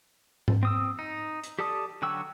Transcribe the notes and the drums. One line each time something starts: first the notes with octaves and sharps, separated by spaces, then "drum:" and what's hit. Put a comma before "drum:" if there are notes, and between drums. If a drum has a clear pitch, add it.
drum: tom G#2
C4 D#6 E6
D#4
drum: hi-hat
G4 A4 D5 A5 D#6
D3 F#3 F#4 G5 E6